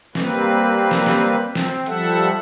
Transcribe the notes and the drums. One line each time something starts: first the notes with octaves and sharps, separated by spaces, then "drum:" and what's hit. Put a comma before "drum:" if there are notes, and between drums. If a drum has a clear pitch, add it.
G3 A#3 C4 B4, drum: snare
drum: snare
drum: snare
C4
drum: snare
F3 G3 A4 E5 F#5, drum: hi-hat